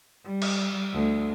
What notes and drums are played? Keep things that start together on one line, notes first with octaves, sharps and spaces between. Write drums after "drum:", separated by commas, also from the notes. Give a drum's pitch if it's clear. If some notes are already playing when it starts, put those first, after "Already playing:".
G3
drum: cymbal
D2